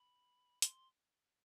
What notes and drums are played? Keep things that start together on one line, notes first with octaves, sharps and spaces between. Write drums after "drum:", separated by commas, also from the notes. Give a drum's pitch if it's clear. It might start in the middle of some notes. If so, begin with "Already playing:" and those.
Already playing: B5
C6, drum: hi-hat